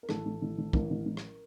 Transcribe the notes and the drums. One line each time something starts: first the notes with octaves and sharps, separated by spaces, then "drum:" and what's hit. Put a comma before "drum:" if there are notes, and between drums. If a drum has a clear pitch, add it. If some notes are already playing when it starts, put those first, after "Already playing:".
A#4
A1 A4, drum: rim click
A1
A1
A1
A1 A#4, drum: kick
A1
A1
drum: rim click